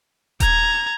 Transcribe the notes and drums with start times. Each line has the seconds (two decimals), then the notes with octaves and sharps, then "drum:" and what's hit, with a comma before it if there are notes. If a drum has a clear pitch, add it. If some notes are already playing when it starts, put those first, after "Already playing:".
0.40 A#5 G#6, drum: kick D#1, hi-hat